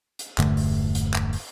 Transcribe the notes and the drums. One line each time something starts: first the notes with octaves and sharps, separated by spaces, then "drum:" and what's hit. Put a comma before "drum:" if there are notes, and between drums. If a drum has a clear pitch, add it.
drum: hi-hat
E1 G2 D3 A3, drum: clap
drum: open hi-hat
drum: hi-hat
drum: clap
drum: open hi-hat